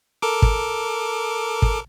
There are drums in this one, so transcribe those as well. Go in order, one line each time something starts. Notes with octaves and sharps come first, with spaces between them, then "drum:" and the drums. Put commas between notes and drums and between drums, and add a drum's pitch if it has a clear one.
A4 A#4 D6
drum: kick
drum: kick